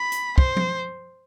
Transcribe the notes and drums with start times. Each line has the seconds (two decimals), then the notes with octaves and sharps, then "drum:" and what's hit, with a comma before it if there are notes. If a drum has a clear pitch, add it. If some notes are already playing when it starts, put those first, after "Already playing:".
Already playing: B5
0.12 drum: hi-hat
0.38 C5, drum: kick
0.56 drum: tom F3